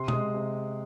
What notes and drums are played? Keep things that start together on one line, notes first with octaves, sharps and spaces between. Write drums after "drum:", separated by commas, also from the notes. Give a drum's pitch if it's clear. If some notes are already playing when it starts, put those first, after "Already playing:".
Already playing: C3 C6
G#3 D#6, drum: tom B2
C3